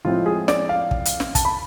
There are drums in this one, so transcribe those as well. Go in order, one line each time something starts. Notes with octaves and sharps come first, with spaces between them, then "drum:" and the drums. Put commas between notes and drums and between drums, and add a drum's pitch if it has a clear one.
A2 F3 G#3 C4 F4
G#4
D5, drum: snare
F5
drum: kick
drum: hi-hat
drum: snare
A5, drum: kick, hi-hat
B5